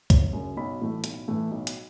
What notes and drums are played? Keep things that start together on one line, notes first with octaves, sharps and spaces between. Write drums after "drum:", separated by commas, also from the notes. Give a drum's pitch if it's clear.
G1, drum: kick, hi-hat
F#2 C#3
B1 B5
A2 E3 A3
B1, drum: hi-hat
A2 E3 A3
B1
drum: hi-hat